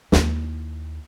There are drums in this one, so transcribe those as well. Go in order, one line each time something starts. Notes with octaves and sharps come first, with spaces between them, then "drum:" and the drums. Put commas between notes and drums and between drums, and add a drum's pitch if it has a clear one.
D#2 E4, drum: snare